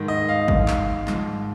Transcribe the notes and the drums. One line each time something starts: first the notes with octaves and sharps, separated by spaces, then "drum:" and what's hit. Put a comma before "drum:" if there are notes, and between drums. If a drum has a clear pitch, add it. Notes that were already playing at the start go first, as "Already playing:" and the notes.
Already playing: G#2 D#3
D#5
F5
G#2 D#3, drum: kick G#1
drum: clap
G#2 F3, drum: clap